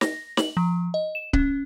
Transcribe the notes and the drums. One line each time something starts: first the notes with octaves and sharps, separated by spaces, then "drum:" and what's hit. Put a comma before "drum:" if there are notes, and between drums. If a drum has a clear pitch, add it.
A#6, drum: snare
F#7, drum: snare
F3
D#5
E7
C#4, drum: kick C#1